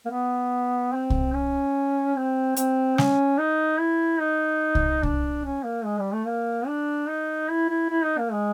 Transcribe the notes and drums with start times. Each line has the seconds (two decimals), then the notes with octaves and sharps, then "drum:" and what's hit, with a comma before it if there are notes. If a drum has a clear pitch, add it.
0.05 A#3
0.10 B3
0.93 C4
1.10 drum: kick C2
1.33 C#4
2.16 C4
2.56 C4, drum: hi-hat
2.98 C#4, drum: snare
3.39 D#4
3.80 E4
4.20 D#4
4.75 drum: kick C2
5.03 D4, drum: kick C2
5.45 C#4
5.64 A#3
5.85 G#3
5.99 G3
6.12 A3
6.27 A#3
6.67 D4
7.09 D#4
7.50 E4
7.70 E4
7.90 E4
8.04 D#4
8.18 A#3
8.32 G#3